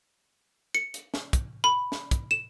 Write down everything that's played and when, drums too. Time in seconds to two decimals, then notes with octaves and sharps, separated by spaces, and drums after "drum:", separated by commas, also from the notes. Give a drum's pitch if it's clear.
0.75 C#7
0.94 drum: hi-hat
1.14 drum: snare
1.33 drum: kick, hi-hat
1.64 B5
1.92 drum: snare
2.11 drum: kick, hi-hat
2.31 E7